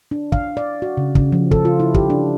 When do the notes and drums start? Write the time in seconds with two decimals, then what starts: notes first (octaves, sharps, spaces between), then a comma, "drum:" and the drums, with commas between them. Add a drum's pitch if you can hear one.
0.11 D4
0.32 F5, drum: kick
0.57 D5
0.82 F#4
0.97 C#3
1.15 C#3, drum: kick
1.32 F3
1.51 A4, drum: kick
1.65 F4
1.80 E4
1.94 G4, drum: kick
2.10 D4